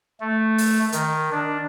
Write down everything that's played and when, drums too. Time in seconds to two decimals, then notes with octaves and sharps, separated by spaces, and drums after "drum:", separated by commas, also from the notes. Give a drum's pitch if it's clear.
0.20 A3
0.58 drum: open hi-hat
0.92 D#3, drum: hi-hat
1.31 D4